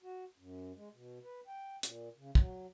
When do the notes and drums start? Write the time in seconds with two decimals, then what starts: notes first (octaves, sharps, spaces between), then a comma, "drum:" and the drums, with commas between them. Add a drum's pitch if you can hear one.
0.03 F#4
0.38 F#2
0.76 G#3
0.93 B2
1.24 B4
1.47 G5
1.83 A#2, drum: hi-hat
2.17 C#3
2.35 F#3, drum: kick